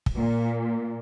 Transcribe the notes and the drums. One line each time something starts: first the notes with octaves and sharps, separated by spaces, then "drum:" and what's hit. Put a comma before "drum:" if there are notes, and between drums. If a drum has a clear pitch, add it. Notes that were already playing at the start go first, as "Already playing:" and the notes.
drum: kick
A#2